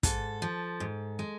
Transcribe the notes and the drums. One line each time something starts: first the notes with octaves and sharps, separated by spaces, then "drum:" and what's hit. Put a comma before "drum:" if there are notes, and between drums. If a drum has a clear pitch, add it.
G#2 A4, drum: kick, hi-hat
F3
G#2
G#3